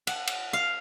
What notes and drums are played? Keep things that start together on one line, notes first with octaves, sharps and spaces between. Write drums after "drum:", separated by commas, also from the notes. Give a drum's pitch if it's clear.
F#5, drum: cymbal
drum: cymbal
F5